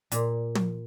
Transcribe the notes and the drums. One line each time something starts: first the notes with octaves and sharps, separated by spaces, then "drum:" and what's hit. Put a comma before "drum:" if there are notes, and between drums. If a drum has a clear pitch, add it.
A#2, drum: hi-hat
drum: tom